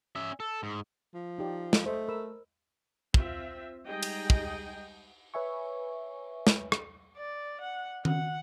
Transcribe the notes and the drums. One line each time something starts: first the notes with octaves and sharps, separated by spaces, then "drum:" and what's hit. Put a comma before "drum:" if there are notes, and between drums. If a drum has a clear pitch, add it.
C#4 E5
A4
G#2
F3
D#4 G4 D5
drum: snare
A3 C5 D#5
A#4 B5 E6
C4 F4 E5, drum: kick
G3 G#3 D#4 G#4 D#5 G5
drum: cymbal
drum: kick
B4 C#5 E5 G#5 C#6
drum: snare
drum: rim click
D5
F#5
F#5, drum: tom D#3